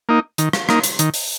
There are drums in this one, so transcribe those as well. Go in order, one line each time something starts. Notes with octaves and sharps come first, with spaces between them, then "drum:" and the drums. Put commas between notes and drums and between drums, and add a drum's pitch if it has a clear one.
A#3 D#4
D#3, drum: hi-hat
drum: rim click
A#3 D#4, drum: rim click
drum: hi-hat
D#3, drum: hi-hat
drum: open hi-hat